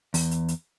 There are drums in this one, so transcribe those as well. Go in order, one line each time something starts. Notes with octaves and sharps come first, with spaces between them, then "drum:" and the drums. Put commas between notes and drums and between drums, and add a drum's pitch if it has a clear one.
E2, drum: open hi-hat
drum: hi-hat
drum: hi-hat